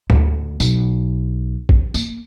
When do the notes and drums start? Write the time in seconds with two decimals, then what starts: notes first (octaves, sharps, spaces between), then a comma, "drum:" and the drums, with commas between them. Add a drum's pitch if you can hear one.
0.10 D2, drum: tom
0.60 B1, drum: tambourine
1.69 drum: kick
1.94 A#3, drum: tambourine